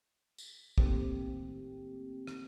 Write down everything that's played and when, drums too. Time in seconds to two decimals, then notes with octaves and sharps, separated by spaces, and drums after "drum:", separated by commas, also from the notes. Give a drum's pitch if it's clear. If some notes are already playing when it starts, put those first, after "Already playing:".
0.38 drum: tambourine
0.78 A2 D#3 A3 A#3 C4 G4, drum: kick
2.27 drum: rim click